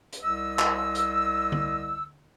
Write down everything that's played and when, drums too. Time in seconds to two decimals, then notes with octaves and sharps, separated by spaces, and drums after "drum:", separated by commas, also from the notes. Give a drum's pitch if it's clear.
0.13 drum: hi-hat
0.22 C2 D#5 E6
0.59 drum: clap
0.95 drum: hi-hat
1.52 drum: tom D3